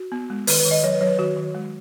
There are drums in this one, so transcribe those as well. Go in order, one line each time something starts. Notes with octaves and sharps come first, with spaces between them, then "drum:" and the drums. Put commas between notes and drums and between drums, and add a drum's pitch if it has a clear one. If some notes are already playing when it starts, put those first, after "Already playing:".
Already playing: F#4
B3
G#3
D#3 B4, drum: open hi-hat
B4
D#3
D#5
F#3 C#5
B4
F#3 C#5
B4
D#3 F#4
D#3
G#3